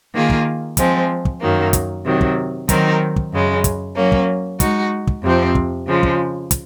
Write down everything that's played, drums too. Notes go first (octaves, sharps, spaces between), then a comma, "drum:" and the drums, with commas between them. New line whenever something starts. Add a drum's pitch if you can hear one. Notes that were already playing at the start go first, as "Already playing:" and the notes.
D#3 A#3 F4 G#4
drum: kick
F3 G#3 C4, drum: kick, hi-hat
drum: kick
F#2 D#3 F#3 A#3
drum: kick, hi-hat
C3 D#3 F#3
drum: kick
D#3 F#3 C4 D#4 A#4, drum: kick, hi-hat
drum: kick
F#2 C#3 G#3
drum: kick, hi-hat
F#3 A#3 C#4
drum: kick
G#3 D#4 F#4, drum: kick, hi-hat
drum: kick
F2 C3 F3 C4
drum: kick
C#3 F3 G#3
drum: kick
drum: kick, hi-hat